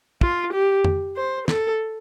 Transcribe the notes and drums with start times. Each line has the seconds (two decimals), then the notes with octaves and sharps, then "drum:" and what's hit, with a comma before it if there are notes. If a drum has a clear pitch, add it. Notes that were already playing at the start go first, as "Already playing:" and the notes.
0.21 F4, drum: kick
0.53 G4
0.84 drum: tom F2
1.16 C5
1.48 A4, drum: snare